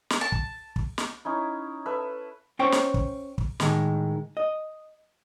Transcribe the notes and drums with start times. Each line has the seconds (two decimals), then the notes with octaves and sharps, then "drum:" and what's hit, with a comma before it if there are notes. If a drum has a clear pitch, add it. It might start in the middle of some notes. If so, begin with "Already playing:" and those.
0.10 drum: snare
0.21 A5
0.32 drum: kick
0.76 drum: kick
0.98 drum: snare
1.25 C#4 D#4 E4
1.86 A4 B4 E5
2.59 C#4 C5 C#5 G5
2.72 drum: snare
2.94 drum: kick
3.38 drum: kick
3.60 A2 D#3 G#3, drum: snare
4.37 D#5